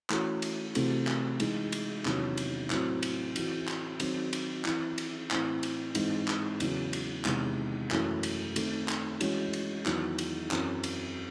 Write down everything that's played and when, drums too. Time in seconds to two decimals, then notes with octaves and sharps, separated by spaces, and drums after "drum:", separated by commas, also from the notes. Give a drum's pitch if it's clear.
0.10 E3 A3 C#4 F#4, drum: clap
0.42 drum: cymbal
0.75 C3 E3 A3 C4 F#4, drum: cymbal
1.07 drum: clap
1.40 E3 G#3 D#4 G#4, drum: cymbal
1.72 drum: cymbal
2.06 E2 C3 D#3 F#3 C#4, drum: clap
2.37 drum: cymbal
2.70 A2 F#3 C4, drum: clap
3.03 drum: cymbal
3.36 E3 C4 F#4, drum: cymbal
3.68 drum: clap
4.00 D#3 F#3 C4, drum: cymbal
4.33 drum: cymbal
4.65 E3 C4 E4, drum: clap
4.98 drum: cymbal
5.31 A2 E3 C4, drum: clap
5.63 drum: cymbal
5.95 G#2 E3 G#3 C4, drum: cymbal
6.28 drum: clap
6.60 E2 C#3 F#3, drum: cymbal
6.93 drum: cymbal
7.25 E2 C3 D#3 G#3, drum: clap
7.91 F#2 E3 A3, drum: clap
8.23 drum: cymbal
8.56 D#3 A3 C4, drum: cymbal
8.88 drum: clap
9.21 E3 G#3 C#4 F#4, drum: cymbal
9.53 drum: cymbal
9.86 E2 D#3 F#3, drum: clap
10.18 drum: cymbal
10.51 F#2 E3 C4, drum: clap
10.84 drum: cymbal